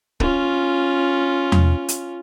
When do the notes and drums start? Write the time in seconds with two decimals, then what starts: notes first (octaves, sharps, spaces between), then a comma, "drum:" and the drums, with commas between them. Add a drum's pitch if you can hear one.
0.20 C#4 F4, drum: kick
1.52 drum: tom E2
1.88 drum: hi-hat